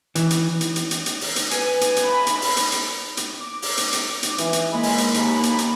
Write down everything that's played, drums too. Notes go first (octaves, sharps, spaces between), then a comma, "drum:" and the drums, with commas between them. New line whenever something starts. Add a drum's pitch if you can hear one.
E3, drum: hi-hat
drum: hi-hat
drum: hi-hat
drum: hi-hat
drum: hi-hat
drum: hi-hat
drum: open hi-hat
drum: hi-hat
B4 G#5, drum: hi-hat
drum: hi-hat
drum: hi-hat
B5
drum: hi-hat
drum: open hi-hat
drum: hi-hat
drum: hi-hat
drum: hi-hat
D6
drum: open hi-hat
drum: hi-hat
drum: hi-hat
drum: hi-hat
E3, drum: hi-hat
drum: hi-hat
G#3 A#3 B5
drum: open hi-hat
drum: hi-hat
D#2, drum: hi-hat
drum: hi-hat
drum: hi-hat